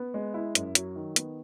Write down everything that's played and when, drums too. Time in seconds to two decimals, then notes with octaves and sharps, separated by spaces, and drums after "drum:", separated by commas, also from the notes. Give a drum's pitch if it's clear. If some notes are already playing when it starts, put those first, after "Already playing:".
Already playing: B3
0.14 G#3
0.34 E4
0.55 F#2, drum: hi-hat
0.75 F#3, drum: hi-hat
0.96 D#3
1.16 B3, drum: hi-hat